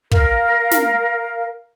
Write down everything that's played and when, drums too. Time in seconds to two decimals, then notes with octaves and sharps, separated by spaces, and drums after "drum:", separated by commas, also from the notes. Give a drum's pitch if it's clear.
0.11 A#4 F5, drum: kick
0.71 drum: snare